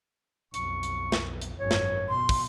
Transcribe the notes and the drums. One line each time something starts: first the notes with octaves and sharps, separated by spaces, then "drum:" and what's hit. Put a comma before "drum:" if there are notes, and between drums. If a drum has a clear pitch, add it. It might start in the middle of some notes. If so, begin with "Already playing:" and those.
B1 F2 C#6, drum: hi-hat
drum: hi-hat
drum: snare
drum: hi-hat
G#1 F#2 C#5
drum: snare
B2 C6
drum: kick, open hi-hat